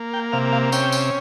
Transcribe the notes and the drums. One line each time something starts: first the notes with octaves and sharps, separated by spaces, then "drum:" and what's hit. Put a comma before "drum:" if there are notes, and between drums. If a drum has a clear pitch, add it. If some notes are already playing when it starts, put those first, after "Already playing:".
Already playing: A#3
G5
C3 F5
F5
C#4 G5, drum: tambourine
drum: tambourine